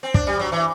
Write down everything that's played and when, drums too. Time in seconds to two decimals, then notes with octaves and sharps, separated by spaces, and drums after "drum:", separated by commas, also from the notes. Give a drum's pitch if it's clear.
0.03 C4
0.14 D4, drum: kick
0.27 G3
0.39 F#3
0.52 E3